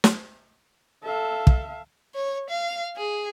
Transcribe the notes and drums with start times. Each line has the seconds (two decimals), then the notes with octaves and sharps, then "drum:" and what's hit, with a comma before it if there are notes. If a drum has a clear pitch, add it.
0.04 drum: snare
1.04 A4 E5 F5
1.47 drum: kick
2.15 C#5
2.50 F5
2.97 G#4